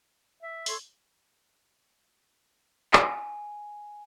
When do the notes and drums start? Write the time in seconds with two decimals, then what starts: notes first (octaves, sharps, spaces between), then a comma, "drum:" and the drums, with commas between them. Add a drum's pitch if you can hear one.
0.43 E5
0.66 A4 C#5 C6, drum: open hi-hat
2.93 G#5, drum: clap